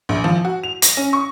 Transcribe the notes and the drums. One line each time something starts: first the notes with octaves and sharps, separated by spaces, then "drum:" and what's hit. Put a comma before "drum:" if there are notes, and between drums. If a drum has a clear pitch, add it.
A#1
F3
F#4
F7
A#6, drum: hi-hat
C#4
C#6